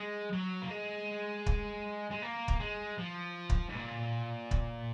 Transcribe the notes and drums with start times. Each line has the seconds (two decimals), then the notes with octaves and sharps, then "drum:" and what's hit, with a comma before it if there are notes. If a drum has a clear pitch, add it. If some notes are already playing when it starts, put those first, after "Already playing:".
Already playing: G#3
0.33 F#3
0.62 A#3
0.70 G#3
1.46 drum: kick
2.11 G#3
2.22 A#3
2.48 drum: kick
2.61 G#3
2.99 F3
3.50 drum: kick
3.69 G#2
3.75 A#2
4.51 drum: kick